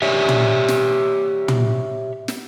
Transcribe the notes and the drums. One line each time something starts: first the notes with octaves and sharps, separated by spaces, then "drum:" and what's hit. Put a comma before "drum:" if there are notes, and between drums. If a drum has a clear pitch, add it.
G4 C#5 D5 E5
drum: tom
drum: snare
drum: tom
drum: snare